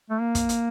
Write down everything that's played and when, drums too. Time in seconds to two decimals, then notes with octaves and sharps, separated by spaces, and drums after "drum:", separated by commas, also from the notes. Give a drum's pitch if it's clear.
0.10 A3
0.20 A#3
0.35 drum: kick, hi-hat
0.49 drum: hi-hat